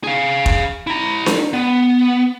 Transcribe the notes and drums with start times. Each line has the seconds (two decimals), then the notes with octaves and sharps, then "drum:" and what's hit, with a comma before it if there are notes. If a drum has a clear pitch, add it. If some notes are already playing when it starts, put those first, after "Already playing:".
0.04 G#4 F5
0.46 drum: kick F1
0.87 E4 A#5
1.26 drum: snare D4
1.53 B3